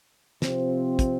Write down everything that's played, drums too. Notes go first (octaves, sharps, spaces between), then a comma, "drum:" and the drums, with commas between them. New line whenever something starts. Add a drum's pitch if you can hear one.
C3 F3 C4, drum: snare
drum: kick, hi-hat